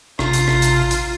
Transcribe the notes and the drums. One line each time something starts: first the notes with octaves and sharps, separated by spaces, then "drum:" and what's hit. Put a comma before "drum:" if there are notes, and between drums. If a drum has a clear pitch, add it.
A1 C3 F4 A#5, drum: rim click
drum: hi-hat
drum: rim click
drum: hi-hat
drum: hi-hat